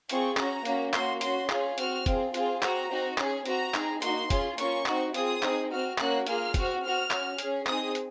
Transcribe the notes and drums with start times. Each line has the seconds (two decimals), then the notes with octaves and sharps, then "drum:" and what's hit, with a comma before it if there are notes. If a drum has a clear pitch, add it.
0.09 C4 F4 G#4 C#6, drum: hi-hat
0.37 C#4 F#4 A#5, drum: clap
0.65 A#3 C#4 F#4, drum: hi-hat
0.93 A#3 C#4 F#4 C6, drum: clap
1.21 C#4 F#4 C6, drum: hi-hat
1.49 C#4 F4 G#4, drum: clap
1.78 C4 F#4 F6, drum: hi-hat
2.06 C4 F4 G#4, drum: kick, hi-hat
2.34 C4 F4 G#4, drum: hi-hat
2.62 C4 F#4 A#5, drum: clap
2.89 C4 D#4 F#4
3.18 C#4 G#4, drum: clap
3.46 C4 F#4 A#5, drum: hi-hat
3.74 C4 D#4 G#4, drum: clap
4.02 A#3 D#4 F#4 C6, drum: hi-hat
4.30 C#4 F4 G#4, drum: kick, hi-hat
4.58 A#3 C#4 F4 C#6, drum: hi-hat
4.86 C4 D#4 F#4, drum: clap
5.14 C4 F4 G#4 D#6, drum: hi-hat
5.43 C4 D#4 G#4, drum: clap
5.71 C4 F#4 F6
5.98 A#3 C#4 F#4 F#6, drum: clap
6.27 A#3 F4 G#4 F6, drum: hi-hat
6.54 C4 F#4, drum: kick, hi-hat
6.83 C4 F#4 F6
7.11 C#4 F#4, drum: clap
7.38 G#4, drum: hi-hat
7.44 C#4
7.66 C4 D#4 G#4 D#6, drum: clap
7.95 drum: hi-hat